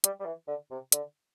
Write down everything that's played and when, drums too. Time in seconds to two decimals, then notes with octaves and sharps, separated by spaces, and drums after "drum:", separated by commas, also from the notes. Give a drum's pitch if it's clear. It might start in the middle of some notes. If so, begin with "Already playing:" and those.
0.04 G3, drum: hi-hat
0.20 G3
0.25 E3
0.48 D3
0.71 C3
0.92 D3, drum: hi-hat